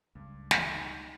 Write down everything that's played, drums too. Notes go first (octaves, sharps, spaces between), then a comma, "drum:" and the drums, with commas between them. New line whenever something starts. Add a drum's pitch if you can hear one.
C#2 G2
drum: snare
G3 D#4 C6